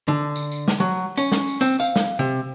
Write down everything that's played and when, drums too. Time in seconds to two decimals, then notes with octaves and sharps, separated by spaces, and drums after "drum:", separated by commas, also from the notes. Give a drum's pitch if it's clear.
0.08 D3
0.36 drum: tambourine
0.52 drum: tambourine
0.68 drum: snare
0.80 F#3
1.17 C#4, drum: tambourine
1.32 drum: snare
1.48 drum: tambourine
1.61 C4, drum: tambourine
1.80 F5, drum: tambourine
1.96 drum: snare
2.19 C3